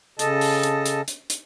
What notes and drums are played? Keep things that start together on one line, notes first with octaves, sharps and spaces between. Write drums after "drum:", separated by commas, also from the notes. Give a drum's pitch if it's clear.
C#3 A4 D#5 A5, drum: hi-hat
drum: open hi-hat
drum: hi-hat
drum: hi-hat
drum: hi-hat
drum: hi-hat